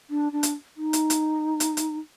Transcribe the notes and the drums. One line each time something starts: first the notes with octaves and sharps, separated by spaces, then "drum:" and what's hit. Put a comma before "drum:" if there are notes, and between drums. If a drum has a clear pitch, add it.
D4
D4
drum: hi-hat
D#4
drum: hi-hat
drum: hi-hat
drum: hi-hat
drum: hi-hat